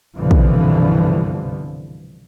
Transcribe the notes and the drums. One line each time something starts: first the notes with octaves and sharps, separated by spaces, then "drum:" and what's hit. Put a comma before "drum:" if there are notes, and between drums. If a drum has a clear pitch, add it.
C2 G2 B2 D3 E3 F3
drum: kick